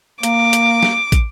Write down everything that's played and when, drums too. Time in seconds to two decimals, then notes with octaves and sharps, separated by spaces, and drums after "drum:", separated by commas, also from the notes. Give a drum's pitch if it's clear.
0.23 A#3 D6, drum: hi-hat
0.53 drum: hi-hat
0.83 drum: snare
1.12 drum: kick, hi-hat